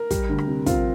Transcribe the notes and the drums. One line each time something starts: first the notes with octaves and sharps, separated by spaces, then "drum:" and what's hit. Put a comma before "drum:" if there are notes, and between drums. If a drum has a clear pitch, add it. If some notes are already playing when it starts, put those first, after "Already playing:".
Already playing: A#4
G3, drum: kick, hi-hat
D2
drum: rim click
C3
C4 F4, drum: kick, hi-hat